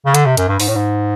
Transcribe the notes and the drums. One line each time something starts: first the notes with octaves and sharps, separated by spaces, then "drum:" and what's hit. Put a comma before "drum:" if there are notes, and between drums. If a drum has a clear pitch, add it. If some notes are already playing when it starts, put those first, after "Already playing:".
C#3
D3, drum: hi-hat
C3
F#2, drum: hi-hat
G2
G#2, drum: open hi-hat
A2
G#2